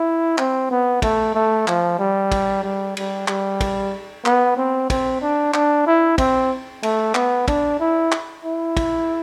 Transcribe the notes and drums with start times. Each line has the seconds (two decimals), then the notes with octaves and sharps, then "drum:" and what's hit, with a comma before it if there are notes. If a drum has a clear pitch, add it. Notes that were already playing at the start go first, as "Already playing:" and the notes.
Already playing: E4
0.38 C4, drum: clap
0.71 B3
1.02 A3, drum: kick, cymbal
1.35 A3
1.68 F3, drum: clap
1.99 G3
2.32 drum: kick, cymbal
2.64 G3
2.97 G3, drum: cymbal
3.28 G3, drum: clap
3.61 drum: kick, cymbal
4.26 B3, drum: clap
4.57 C4
4.90 C4, drum: kick, cymbal
5.21 D4
5.54 D4, drum: clap
5.87 E4
6.18 C4, drum: kick, cymbal
6.83 A3, drum: cymbal
7.15 B3, drum: clap
7.48 D4, drum: kick, cymbal
7.80 E4
8.12 drum: clap
8.45 E4
8.77 drum: kick, cymbal